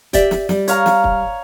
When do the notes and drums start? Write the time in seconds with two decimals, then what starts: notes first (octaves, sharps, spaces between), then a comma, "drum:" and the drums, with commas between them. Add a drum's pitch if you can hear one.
0.13 G4 D5 E5, drum: kick, hi-hat
0.31 drum: snare
0.49 G3, drum: snare
0.68 C#5 F5 A#5, drum: hi-hat
0.86 drum: snare
1.04 drum: kick